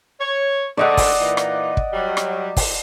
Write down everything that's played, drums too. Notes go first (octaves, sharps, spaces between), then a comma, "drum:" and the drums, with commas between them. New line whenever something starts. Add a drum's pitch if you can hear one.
C#5
G#2 D3 A3 D5 D#5 F#5
drum: kick, open hi-hat
A#2 E3 D#4
drum: rim click
drum: kick
F#3 G3
drum: rim click
drum: kick, open hi-hat